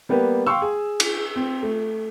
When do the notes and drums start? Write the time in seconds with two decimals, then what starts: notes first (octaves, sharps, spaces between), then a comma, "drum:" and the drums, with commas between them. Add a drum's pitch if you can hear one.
0.09 G3 A#3 B3 G4 B4
0.47 F5 G5 C6 C#6 E6
0.62 G#4
1.00 drum: cymbal
1.36 C4
1.63 A3